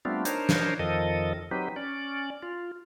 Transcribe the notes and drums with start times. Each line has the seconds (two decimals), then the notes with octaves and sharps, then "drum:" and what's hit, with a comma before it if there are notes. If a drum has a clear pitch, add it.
0.05 G3 A3 B3 C4 D4 F4
0.25 D4 D#4 A#4 C5 C#5, drum: hi-hat
0.49 drum: snare
0.79 F2 D#3 F3 A4 D#5
1.51 F#3 C4 D#4 G4 B4
1.76 C#4 D5
2.43 F4